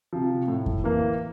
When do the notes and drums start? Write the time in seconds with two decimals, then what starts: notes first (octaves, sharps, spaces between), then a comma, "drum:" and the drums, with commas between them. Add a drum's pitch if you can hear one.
0.13 C3 F3
0.48 A2
0.66 drum: kick F2
0.84 E3 A#3